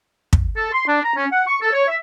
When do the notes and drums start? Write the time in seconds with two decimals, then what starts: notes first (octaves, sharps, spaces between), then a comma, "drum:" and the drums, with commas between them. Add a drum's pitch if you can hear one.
0.33 drum: kick
0.57 A4
0.72 C6
0.87 D4
1.04 A#5
1.16 C#4
1.31 F#5
1.47 C#6
1.61 A4
1.72 C#5
1.88 E5